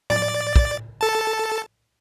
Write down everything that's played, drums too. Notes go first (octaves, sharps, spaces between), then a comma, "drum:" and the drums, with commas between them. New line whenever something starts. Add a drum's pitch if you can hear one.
D5 A6, drum: tom A2
drum: kick
A4 A5